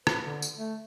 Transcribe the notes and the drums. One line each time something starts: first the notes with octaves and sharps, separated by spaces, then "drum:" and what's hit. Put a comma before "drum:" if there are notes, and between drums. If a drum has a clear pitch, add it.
B4, drum: rim click
D3
drum: tambourine
A3